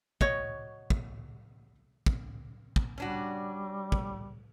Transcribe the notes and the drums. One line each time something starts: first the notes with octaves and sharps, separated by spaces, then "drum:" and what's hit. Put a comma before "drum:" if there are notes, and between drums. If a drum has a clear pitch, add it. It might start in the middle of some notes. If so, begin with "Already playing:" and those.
F#4 C#5 D#5, drum: kick
drum: kick
drum: kick
drum: kick
G3 C#4 D4 F#4
drum: kick